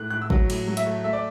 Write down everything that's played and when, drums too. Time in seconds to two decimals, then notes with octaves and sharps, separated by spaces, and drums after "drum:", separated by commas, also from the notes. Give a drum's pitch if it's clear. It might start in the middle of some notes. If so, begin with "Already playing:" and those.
Already playing: A2 F#6
0.10 A2 F#6
0.22 E6
0.30 F#3, drum: kick
0.50 A2, drum: cymbal
0.68 F#3
0.77 E5, drum: hi-hat
0.87 A3
1.04 A3 E5
1.13 D5